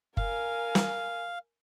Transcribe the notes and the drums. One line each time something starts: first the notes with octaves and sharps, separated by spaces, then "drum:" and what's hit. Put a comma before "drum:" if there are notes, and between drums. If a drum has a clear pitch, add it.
A#4 F5 G#5, drum: kick F#1
drum: snare